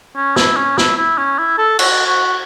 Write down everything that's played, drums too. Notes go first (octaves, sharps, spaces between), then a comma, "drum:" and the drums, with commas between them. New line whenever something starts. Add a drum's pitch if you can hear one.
C#4
E4, drum: snare
C#4
E4, drum: snare
E4
C#4
E4
A4
F#4, drum: cymbal
F#4